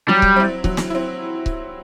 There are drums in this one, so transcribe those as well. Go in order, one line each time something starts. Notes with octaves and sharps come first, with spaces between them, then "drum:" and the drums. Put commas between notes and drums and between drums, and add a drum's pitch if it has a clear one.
F#3 G3
drum: kick C#1
C4 E4
F#3, drum: kick C#1
drum: snare
C4 E4
drum: kick C#1